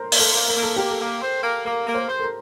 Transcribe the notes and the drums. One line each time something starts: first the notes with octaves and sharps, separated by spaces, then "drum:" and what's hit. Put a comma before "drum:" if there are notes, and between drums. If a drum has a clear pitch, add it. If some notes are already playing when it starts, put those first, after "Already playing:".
Already playing: A#4 C5
A#3, drum: open hi-hat
A4
A#3
A#4
A#3
A4
A#3 G4
A4
A#3
C5
A#3
A#3 A#4
A#3
C5
C5
A4
A#4